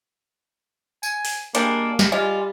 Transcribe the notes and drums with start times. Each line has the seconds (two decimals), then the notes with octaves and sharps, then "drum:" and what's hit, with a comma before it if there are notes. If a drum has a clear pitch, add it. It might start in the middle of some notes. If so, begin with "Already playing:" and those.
1.03 G#5, drum: tambourine
1.25 drum: open hi-hat
1.55 G3 G#3 A#3 D4, drum: hi-hat
1.99 drum: snare
2.12 G3 G#3 F4